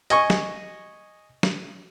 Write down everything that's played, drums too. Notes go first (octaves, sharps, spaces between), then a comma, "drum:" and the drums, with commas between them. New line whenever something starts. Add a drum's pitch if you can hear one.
D#5 G#5 C#6, drum: hi-hat
drum: snare
drum: snare